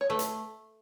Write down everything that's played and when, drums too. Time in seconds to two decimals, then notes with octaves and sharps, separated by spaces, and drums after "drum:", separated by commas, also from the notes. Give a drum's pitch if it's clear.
0.01 C#5
0.09 A3 B4
0.19 drum: hi-hat